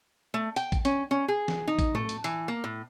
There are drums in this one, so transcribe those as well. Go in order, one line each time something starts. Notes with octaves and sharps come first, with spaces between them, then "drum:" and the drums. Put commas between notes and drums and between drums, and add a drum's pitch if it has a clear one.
A3
G5, drum: hi-hat
drum: kick A1, hi-hat
C#4, drum: hi-hat
C#4
G#4
drum: snare
D#4
drum: kick A1, hi-hat
A3, drum: tom A2
drum: hi-hat
E3, drum: hi-hat
A#3
A2